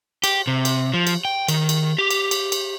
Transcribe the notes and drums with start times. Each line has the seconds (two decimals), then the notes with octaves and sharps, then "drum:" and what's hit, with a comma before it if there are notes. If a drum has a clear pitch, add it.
0.24 G4, drum: cymbal
0.47 C3
0.65 drum: cymbal
0.94 F3
1.07 drum: cymbal
1.25 G5
1.48 D#3, drum: cymbal
1.69 drum: cymbal
1.98 G4
2.10 drum: cymbal
2.31 drum: cymbal
2.52 drum: cymbal